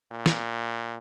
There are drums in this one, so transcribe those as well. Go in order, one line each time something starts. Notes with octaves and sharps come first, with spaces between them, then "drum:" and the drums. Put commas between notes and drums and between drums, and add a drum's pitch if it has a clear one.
A#2
drum: snare